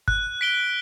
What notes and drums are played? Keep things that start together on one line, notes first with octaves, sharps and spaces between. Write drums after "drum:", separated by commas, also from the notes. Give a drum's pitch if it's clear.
F#6, drum: kick G1
B6 D7 G7